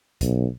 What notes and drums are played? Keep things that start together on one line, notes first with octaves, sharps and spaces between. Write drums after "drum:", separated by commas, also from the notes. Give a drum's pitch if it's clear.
B1, drum: kick, hi-hat